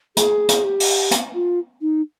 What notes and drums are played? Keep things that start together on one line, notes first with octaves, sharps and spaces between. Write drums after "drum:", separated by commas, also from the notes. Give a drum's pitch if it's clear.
G#4, drum: hi-hat
drum: hi-hat
G4
drum: open hi-hat
drum: hi-hat
F4
D#4